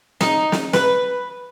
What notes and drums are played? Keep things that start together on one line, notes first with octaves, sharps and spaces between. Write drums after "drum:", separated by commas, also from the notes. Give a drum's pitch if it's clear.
D#4, drum: snare
drum: snare
B4, drum: snare